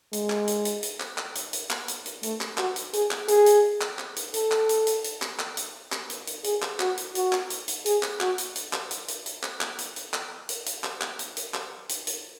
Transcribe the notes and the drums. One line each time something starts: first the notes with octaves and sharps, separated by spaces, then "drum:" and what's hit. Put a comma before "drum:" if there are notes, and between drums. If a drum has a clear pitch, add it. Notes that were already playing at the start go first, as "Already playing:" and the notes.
G#3, drum: hi-hat
drum: clap
drum: hi-hat
drum: hi-hat
drum: hi-hat
drum: clap
drum: clap
drum: hi-hat
drum: hi-hat
drum: clap
drum: hi-hat
drum: hi-hat
A3, drum: hi-hat
drum: clap
F#4, drum: clap
drum: hi-hat
G#4, drum: hi-hat
drum: clap
G#4, drum: hi-hat
drum: hi-hat
drum: clap
drum: clap
drum: hi-hat
A4, drum: hi-hat
drum: clap
drum: hi-hat
drum: hi-hat
drum: hi-hat
drum: clap
drum: clap
drum: hi-hat
drum: clap
drum: hi-hat
drum: hi-hat
G#4, drum: hi-hat
drum: clap
F#4, drum: clap
drum: hi-hat
F#4, drum: hi-hat
drum: clap
drum: hi-hat
drum: hi-hat
G#4, drum: hi-hat
drum: clap
F#4, drum: clap
drum: hi-hat
drum: hi-hat
drum: clap
drum: hi-hat
drum: hi-hat
drum: hi-hat
drum: clap
drum: clap
drum: hi-hat
drum: hi-hat
drum: clap
drum: hi-hat
drum: hi-hat
drum: clap
drum: clap
drum: hi-hat
drum: hi-hat
drum: clap
drum: hi-hat
drum: hi-hat